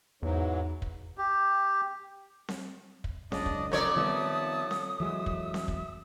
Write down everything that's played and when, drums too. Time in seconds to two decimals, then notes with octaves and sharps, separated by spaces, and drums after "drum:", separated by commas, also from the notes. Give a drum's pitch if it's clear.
0.23 E2 G#2 E3 F#3
0.82 drum: kick
1.18 G4
2.49 drum: snare C4
3.04 drum: kick
3.32 F#1 C#2 C#3 D4 D5 D#5 D#6, drum: snare C4
3.46 drum: kick
3.72 F2 A4 A#4 C#5 D5 G6
3.96 D#3 G3 B3 E5 A5
4.71 drum: snare C4
5.00 E3 F#3 G#3 E5
5.26 drum: kick
5.54 drum: snare C4
5.68 drum: kick